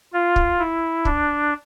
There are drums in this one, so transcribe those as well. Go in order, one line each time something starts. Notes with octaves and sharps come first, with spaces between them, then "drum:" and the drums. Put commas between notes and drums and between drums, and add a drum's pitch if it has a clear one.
F4
drum: kick
E4
D4, drum: kick